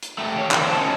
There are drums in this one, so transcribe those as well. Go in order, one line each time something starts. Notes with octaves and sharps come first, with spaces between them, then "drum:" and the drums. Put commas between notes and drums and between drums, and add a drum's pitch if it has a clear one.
drum: hi-hat
A3 G4
D#3 C#5
D#3 E3, drum: clap
C4 A5
C#4 D#4